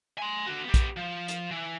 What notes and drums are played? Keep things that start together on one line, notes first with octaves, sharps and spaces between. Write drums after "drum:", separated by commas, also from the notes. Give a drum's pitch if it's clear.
G#5 C6
D3 F#4
B3 G4
drum: kick, hi-hat
F3
drum: hi-hat
E3